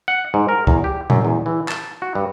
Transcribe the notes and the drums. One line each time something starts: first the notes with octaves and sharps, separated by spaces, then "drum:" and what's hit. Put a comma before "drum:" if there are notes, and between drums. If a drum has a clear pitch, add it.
F#5
G#2
A#4
E2, drum: kick
G4
F#2, drum: tom A#2
E2
E3
A5, drum: clap
F#4
G2